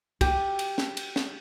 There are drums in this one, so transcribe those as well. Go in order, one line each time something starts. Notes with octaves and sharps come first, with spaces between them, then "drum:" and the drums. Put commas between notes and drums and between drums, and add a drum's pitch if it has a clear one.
G4, drum: kick, cymbal
drum: cymbal
drum: snare
drum: cymbal
drum: snare